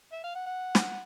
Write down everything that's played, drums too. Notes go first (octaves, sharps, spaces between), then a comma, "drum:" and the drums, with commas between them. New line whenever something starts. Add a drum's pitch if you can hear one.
E5
F5
F#5
F#5
drum: snare